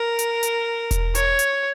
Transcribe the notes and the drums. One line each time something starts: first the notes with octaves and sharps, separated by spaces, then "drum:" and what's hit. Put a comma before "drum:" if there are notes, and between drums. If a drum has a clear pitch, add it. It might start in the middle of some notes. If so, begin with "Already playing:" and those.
Already playing: A#4
drum: hi-hat
drum: hi-hat
drum: kick E1, hi-hat
C#5, drum: hi-hat
drum: hi-hat